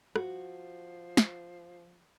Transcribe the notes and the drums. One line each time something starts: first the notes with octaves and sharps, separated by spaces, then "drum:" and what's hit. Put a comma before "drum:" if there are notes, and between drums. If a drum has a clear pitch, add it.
F3 F#4, drum: rim click
drum: snare